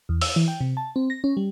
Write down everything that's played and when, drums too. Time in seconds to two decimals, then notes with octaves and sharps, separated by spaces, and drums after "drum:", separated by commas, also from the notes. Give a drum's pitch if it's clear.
0.09 E2
0.21 E6, drum: open hi-hat
0.36 E3
0.48 G5
0.61 C3
0.77 A5
0.96 C4
1.10 A#6
1.24 C#4
1.37 G3